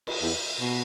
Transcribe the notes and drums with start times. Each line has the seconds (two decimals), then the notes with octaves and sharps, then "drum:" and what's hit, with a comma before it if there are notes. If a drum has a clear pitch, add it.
0.07 drum: cymbal
0.22 E2
0.61 B2